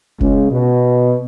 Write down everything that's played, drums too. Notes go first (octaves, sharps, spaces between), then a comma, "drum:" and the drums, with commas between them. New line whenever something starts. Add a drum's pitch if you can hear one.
C#2, drum: kick F1
B2